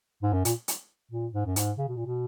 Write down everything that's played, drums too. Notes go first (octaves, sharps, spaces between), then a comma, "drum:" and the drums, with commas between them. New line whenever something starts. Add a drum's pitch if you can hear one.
G#2
F#2
A#2, drum: hi-hat
drum: hi-hat
A#2
G#2
F#2
G#2, drum: hi-hat
C#3
B2
A#2
B2